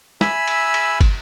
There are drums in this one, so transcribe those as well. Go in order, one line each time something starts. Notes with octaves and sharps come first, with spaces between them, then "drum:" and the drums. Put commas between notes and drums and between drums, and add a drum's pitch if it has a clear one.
E5 G#5 B5 E6, drum: snare
drum: cymbal
drum: cymbal
drum: kick, cymbal